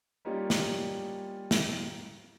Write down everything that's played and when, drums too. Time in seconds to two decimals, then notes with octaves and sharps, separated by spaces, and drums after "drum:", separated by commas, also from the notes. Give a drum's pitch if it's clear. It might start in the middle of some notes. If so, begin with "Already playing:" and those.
0.25 G3 A#3 C#4 D#4 F4 G4
0.50 drum: snare
1.51 drum: snare